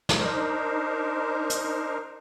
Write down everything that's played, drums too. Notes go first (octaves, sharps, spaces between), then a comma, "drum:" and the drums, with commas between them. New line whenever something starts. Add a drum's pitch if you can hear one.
drum: snare
D4 D#4 A#4 C5
drum: hi-hat